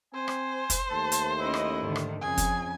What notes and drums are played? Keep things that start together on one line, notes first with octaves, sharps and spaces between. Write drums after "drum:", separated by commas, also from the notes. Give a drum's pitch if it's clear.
C4 C5 G#5
drum: rim click
drum: kick, hi-hat
D#2 A3 A5
drum: hi-hat
C#4 E4 D#5
drum: rim click
G#2 D3 D#3
drum: rim click
F2 C#3 G#4 G#5
drum: kick, hi-hat